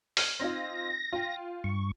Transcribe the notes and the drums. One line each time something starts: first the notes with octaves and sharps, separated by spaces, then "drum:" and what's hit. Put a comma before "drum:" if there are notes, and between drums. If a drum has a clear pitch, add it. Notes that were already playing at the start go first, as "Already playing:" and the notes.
F6 G#6, drum: open hi-hat
C4 D#4 F4 A#6
F4 G5
G2 C#6